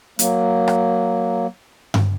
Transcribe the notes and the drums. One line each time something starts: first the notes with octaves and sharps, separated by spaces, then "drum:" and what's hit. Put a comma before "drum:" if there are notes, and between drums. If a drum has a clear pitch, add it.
F#3 A#3, drum: hi-hat
drum: rim click
drum: tom G2